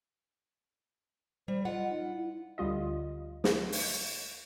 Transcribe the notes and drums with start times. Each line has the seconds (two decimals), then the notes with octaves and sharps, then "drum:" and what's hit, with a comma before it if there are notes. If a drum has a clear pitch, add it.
1.48 G3 C5
1.65 F4 D#5 F#5
1.90 D#4
2.14 E4
2.58 D2 G3 F4 D#5
3.44 drum: snare
3.72 drum: open hi-hat